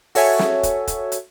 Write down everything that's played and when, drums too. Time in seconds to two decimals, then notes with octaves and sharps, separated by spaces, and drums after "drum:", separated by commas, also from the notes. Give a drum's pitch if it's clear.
0.15 F#4 A4 C#5 E5 G#5 C#6, drum: open hi-hat
0.39 drum: snare
0.63 drum: kick, hi-hat
0.87 drum: kick, hi-hat
1.12 drum: hi-hat